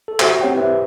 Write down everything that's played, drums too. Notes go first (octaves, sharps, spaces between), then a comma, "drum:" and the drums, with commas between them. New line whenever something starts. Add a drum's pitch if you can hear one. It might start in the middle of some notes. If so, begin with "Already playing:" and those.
A4
F#4 G4 C5 E5, drum: clap
C4 G4 C#5 F#5 G5
E4 G4 B4 C5 E5